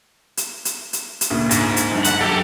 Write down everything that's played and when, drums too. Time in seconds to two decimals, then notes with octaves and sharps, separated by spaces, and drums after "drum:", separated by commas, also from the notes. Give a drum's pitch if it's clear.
0.37 drum: hi-hat
0.65 drum: hi-hat
0.93 drum: hi-hat
1.21 drum: hi-hat
1.30 D2 A#2 C#3
1.51 G#2, drum: hi-hat
1.77 drum: hi-hat
1.91 A#1 G2
2.04 G1 F#5, drum: hi-hat
2.21 F#2 G4 A4